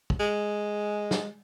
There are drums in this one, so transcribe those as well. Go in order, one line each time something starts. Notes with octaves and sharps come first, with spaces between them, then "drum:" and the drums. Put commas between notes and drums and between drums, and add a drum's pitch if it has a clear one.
drum: kick
G#3
drum: snare